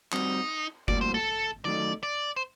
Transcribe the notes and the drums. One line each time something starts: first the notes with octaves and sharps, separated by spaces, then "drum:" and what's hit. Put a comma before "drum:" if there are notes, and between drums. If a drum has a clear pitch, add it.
G3 C4 D#4 F#4, drum: clap
A2 G3 A#3 F#4 D5, drum: kick F#1
C5
A4
D#3 F#3 A3 D#4 D5
D5
C5